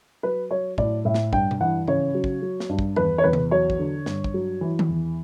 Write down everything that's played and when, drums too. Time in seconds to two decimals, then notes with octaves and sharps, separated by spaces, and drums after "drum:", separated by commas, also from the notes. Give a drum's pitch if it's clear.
0.23 F#3 B4
0.50 F#3 C#5
0.78 A2 D5, drum: kick
1.05 A2 E5
1.14 drum: snare
1.33 G2 G5, drum: kick
1.51 drum: tom B2
1.61 E3 F#5
1.88 C#3 C#5, drum: tom G#2
2.15 F#3
2.24 drum: kick
2.42 F#3
2.60 drum: snare
2.69 G2
2.79 drum: kick
2.96 E2 B4, drum: tom D#3
3.18 C#5
3.24 E2 B4
3.33 drum: tom C3
3.51 F#3 C#5
3.70 drum: kick
3.79 D3
4.06 G2, drum: snare
4.24 drum: kick
4.34 F#3
4.61 E3
4.79 drum: tom D#3
4.89 E2